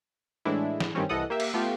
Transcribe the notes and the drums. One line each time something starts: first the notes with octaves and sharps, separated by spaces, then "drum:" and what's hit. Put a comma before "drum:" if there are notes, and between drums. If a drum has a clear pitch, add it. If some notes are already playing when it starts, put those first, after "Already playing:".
A2 E3 G#3 D4 E4
drum: snare
G2 D#3 G3 C4 C#4
C2 E3 A4 D#5 F#5 D#6
A#3 G4 E5
drum: cymbal
A3 B3 F4 G4